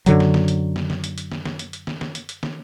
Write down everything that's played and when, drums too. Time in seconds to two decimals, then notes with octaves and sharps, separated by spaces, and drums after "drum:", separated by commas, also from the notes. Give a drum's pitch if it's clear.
0.06 F#2 D3 F#3, drum: hi-hat
0.20 drum: snare
0.34 drum: snare
0.48 drum: hi-hat
0.76 drum: snare
0.90 drum: snare
1.04 drum: hi-hat
1.18 drum: hi-hat
1.32 drum: snare
1.45 drum: snare
1.59 drum: hi-hat
1.73 drum: hi-hat
1.87 drum: snare
2.01 drum: snare
2.15 drum: hi-hat
2.29 drum: hi-hat
2.43 drum: snare